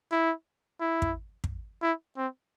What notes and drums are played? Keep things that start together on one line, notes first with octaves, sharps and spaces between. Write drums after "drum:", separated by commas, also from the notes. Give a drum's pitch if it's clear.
E4
E4
drum: kick
drum: kick
E4
C4